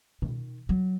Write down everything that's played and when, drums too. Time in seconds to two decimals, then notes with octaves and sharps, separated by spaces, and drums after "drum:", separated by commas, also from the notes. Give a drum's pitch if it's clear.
0.22 D#3, drum: tom B2
0.69 F#3